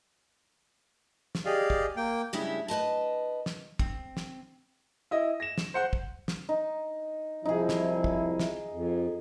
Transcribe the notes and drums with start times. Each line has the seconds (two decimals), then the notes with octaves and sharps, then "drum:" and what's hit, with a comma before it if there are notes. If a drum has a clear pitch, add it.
1.35 drum: snare
1.45 G4 G#4 D5 D#5 F5
1.70 drum: kick
1.97 A#3 G5
2.33 G2 C#3 G#3 E4 G4 E5
2.68 B4 C5 D#5 A5
3.46 drum: snare
3.79 C4, drum: kick
4.17 drum: snare
5.11 E4 D#5
5.40 A#6 E7
5.58 drum: snare
5.74 C5 F#5 C6
5.93 drum: kick
6.28 drum: snare
6.49 D#4
7.45 C2 F3 D#4 E4 G#4
7.69 drum: snare
8.04 drum: kick
8.39 drum: snare
8.73 F2